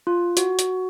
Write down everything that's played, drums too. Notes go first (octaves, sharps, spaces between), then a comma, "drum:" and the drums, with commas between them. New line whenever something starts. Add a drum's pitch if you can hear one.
F4
F#4, drum: hi-hat
drum: hi-hat